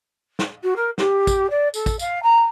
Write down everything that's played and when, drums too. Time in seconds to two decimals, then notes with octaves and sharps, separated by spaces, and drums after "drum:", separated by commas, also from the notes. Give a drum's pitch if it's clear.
0.39 drum: snare
0.63 F#4
0.76 A#4
0.98 G4, drum: snare
1.27 drum: kick, tambourine
1.50 D5
1.74 A4, drum: tambourine
1.86 drum: kick, tambourine
1.99 F5, drum: tambourine
2.22 A#5